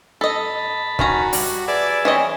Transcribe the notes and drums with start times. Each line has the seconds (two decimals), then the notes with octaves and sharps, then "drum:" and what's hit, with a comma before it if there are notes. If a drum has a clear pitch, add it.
0.21 A4 D#5 A5 B5
0.99 D#3 C#4 F#4 A#5, drum: kick
1.33 G3, drum: open hi-hat
1.68 G#4 B4 D5 E5
2.05 E3 C4 C#4 D#5